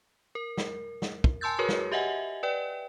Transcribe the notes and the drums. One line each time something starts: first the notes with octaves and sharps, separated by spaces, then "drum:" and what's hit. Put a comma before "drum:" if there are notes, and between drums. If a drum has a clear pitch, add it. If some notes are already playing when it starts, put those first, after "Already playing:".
A#4
drum: snare
drum: snare
drum: kick
G#5 A5 C6 E6 G6 A6
F#4 G#4 A#4 B4 C#5
drum: snare
G4 D#5 E5 F#5 G#5
B4 D5 G5